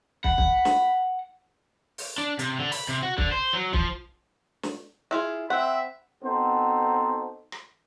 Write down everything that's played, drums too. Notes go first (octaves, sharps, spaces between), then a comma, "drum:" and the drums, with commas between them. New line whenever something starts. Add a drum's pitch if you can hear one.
F#5 B5, drum: kick
drum: kick
drum: snare
drum: open hi-hat
D4
C3, drum: hi-hat
D3
B5, drum: open hi-hat
C3
F#4
D3, drum: kick
C5
F#3
F3, drum: kick
drum: snare
E4 F4 G#4
C4 E5 F#5 B5
B3 C4 D#4 F#4 A4 C5
drum: rim click